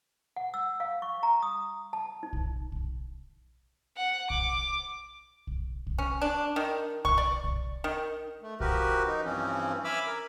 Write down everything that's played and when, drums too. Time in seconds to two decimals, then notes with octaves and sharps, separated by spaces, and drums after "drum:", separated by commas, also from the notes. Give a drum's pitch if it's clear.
0.36 F#5
0.54 E6
0.80 F5
1.02 C#6
1.23 A#5
1.42 D#6
1.93 A5
2.23 D#4
2.33 drum: kick
2.72 drum: kick
3.97 F#5
4.30 D6, drum: kick
5.47 drum: kick
5.87 drum: kick
5.98 C#4
6.21 D4
6.56 D#3
7.05 C#6, drum: kick
7.18 D5
7.44 drum: kick
7.84 D#3
8.42 A3
8.60 F3 F#4 G4 A#4 B4, drum: kick
9.07 D#4
9.24 G2 E3 F3 C4 C#4
9.84 E5 G#5 B5 D6 E6 F6
10.06 A#4